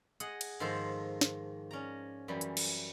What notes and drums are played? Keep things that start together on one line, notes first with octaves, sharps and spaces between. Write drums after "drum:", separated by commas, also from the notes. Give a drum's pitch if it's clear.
G#4 D#5 F#5, drum: hi-hat
drum: cymbal
G#2 D#3 F3 A4 C5 C6
drum: snare
C#4 D5 A#5
F#2 E3 G3
drum: hi-hat
drum: cymbal